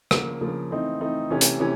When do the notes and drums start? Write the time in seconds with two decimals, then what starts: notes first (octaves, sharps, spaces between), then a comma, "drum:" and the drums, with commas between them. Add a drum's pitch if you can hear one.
0.11 C#3 F3 A#3, drum: rim click
0.41 C#3 F3 A#3
0.71 E3 A3 C4 D#4
1.00 E3 A3 C4 D#4
1.30 C3 E3 A3 C#4
1.41 drum: hi-hat
1.60 C3 E3 A3 C#4